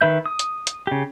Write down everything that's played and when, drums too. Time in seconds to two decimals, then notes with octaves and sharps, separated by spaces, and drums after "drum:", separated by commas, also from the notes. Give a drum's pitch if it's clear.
0.01 D#3 B4 E5 G6
0.26 D#6
0.39 drum: hi-hat
0.67 drum: hi-hat
0.87 C#3 G4